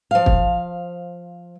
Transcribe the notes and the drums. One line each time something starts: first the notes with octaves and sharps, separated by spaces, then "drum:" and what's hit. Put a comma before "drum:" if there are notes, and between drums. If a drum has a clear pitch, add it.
F3 F5
drum: kick